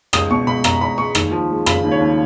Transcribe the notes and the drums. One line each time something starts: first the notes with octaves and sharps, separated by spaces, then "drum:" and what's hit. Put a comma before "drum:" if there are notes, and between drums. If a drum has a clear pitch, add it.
C#2 D#6, drum: rim click
B2 C#6
C#2 B5
C#2 A#5, drum: rim click
C#2 B5
G#3 C#6
D#2, drum: rim click
F3
G#3
C#3 B5, drum: rim click
D#2
C#5
D#2